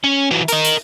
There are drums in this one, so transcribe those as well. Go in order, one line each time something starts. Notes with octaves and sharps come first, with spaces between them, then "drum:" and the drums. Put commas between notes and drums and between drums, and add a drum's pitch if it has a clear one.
C#4
E3 F#3
A#4 D#5, drum: hi-hat
drum: hi-hat